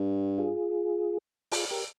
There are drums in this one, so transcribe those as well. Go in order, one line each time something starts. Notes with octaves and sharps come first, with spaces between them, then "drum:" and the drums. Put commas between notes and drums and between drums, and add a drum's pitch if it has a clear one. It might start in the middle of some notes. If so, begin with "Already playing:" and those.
Already playing: G2
F4 G#4
F4 G#4, drum: open hi-hat
G4 A#4